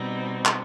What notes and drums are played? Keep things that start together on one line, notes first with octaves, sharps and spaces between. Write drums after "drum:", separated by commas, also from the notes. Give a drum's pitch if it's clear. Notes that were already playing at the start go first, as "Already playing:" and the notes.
Already playing: B2 G3 C4 D#4
drum: clap